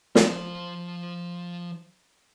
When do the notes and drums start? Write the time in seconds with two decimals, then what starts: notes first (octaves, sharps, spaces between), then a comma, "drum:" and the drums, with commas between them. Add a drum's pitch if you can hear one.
0.15 F3 C5, drum: snare